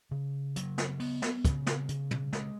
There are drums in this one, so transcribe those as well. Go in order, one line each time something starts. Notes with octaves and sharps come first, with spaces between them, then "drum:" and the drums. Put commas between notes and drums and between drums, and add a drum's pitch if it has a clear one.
C#3
F#3, drum: hi-hat
drum: snare
B3, drum: open hi-hat
drum: snare
C#3, drum: kick, hi-hat
drum: snare
C#3, drum: hi-hat
drum: tom
G#3, drum: snare